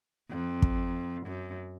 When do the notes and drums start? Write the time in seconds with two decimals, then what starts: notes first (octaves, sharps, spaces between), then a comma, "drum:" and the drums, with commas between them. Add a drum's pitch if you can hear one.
0.30 F2
0.62 drum: kick
1.27 F#2